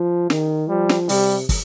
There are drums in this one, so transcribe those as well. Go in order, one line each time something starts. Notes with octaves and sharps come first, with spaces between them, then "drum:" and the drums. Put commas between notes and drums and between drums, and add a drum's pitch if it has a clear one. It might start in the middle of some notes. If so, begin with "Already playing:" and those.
Already playing: F3
D#3, drum: snare
F3 G3
drum: snare
C3 G3, drum: open hi-hat
drum: kick, open hi-hat